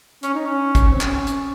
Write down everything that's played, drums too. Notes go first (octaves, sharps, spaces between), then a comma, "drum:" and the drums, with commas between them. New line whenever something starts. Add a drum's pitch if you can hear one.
C#4, drum: hi-hat
D#4
C#4
drum: kick, hi-hat
C4
C#4, drum: clap
drum: hi-hat